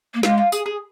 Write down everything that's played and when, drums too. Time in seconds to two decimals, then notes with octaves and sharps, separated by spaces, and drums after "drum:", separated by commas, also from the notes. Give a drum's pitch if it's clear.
0.14 A#3
0.23 G#3 F4, drum: snare
0.38 F4
0.52 G#4, drum: tambourine
0.66 G#4